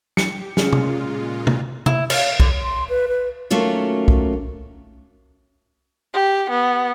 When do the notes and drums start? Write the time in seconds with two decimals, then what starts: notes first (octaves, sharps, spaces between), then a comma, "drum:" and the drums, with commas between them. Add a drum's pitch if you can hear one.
0.17 G4 C#7, drum: snare
0.57 A#2 C#3 G#3 F4, drum: snare
0.73 drum: tom
1.47 drum: tom
1.86 E4, drum: tom
2.10 F5, drum: cymbal
2.40 D3, drum: kick B1
2.61 C6
2.89 B4
3.08 B4
3.50 D#3 F#3 A3 A#3 C#4 F4
4.08 drum: kick B1
6.13 G4
6.49 B3